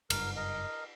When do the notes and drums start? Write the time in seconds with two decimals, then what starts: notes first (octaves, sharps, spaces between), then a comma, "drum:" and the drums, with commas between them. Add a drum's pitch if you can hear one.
0.10 F#1 G2 A#4, drum: cymbal
0.36 A#4 D#5